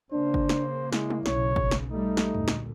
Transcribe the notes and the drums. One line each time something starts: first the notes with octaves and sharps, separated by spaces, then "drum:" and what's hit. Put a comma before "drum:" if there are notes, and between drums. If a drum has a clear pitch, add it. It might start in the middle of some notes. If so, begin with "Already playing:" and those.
C#3 A#3 D4 C5
drum: kick
drum: snare
G#3 E4, drum: snare
drum: tom
B1 C#3 C#5, drum: snare
drum: kick
drum: snare
G3 A3 D#4
drum: snare
D2 A#2, drum: tom
drum: snare